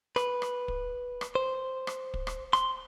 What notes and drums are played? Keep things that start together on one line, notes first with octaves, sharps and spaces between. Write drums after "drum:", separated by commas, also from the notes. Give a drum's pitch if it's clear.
B4, drum: rim click
drum: rim click
drum: kick
drum: rim click
C5
drum: rim click
drum: kick
drum: rim click
C6, drum: rim click